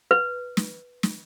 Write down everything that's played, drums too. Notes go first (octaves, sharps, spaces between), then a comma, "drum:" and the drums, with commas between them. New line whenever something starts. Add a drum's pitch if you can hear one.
B4
drum: snare
drum: snare